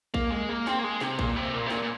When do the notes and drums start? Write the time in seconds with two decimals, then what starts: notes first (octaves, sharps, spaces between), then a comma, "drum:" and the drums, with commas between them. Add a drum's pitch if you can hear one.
0.14 A#3, drum: kick A#1
0.32 G#3
0.49 A#3
0.67 C4, drum: snare
0.79 A#3
0.84 G#3
1.01 C3, drum: snare
1.19 A#2, drum: kick A#1
1.36 C3
1.54 A#2
1.66 C3
1.70 A#2, drum: snare
1.82 A#2